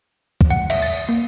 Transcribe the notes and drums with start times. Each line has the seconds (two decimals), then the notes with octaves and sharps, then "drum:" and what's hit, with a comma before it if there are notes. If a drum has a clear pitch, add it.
0.41 drum: kick
0.50 F#5
0.70 E5, drum: cymbal
0.82 A6
1.09 A#3